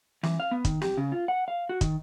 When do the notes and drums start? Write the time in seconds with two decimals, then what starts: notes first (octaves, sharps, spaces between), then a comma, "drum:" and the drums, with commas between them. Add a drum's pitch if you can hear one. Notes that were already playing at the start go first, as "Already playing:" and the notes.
0.23 E3, drum: snare
0.40 F5
0.51 B3
0.65 D#3, drum: kick, hi-hat
0.82 G4, drum: snare
0.97 C#3
1.12 F4
1.28 F#5
1.48 F5
1.69 F#4
1.81 D#3, drum: kick, hi-hat